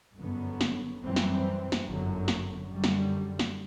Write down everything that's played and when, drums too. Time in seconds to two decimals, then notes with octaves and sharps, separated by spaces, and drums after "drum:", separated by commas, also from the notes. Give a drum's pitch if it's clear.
0.18 G1 F#2 D3 F#3 B3
0.61 drum: snare
1.02 F#2 E3 G3 C4
1.16 drum: snare
1.72 drum: snare
1.85 G1 F#2 D3 F#3
2.28 drum: snare
2.70 F#2 D3 G3
2.84 drum: snare
3.39 drum: snare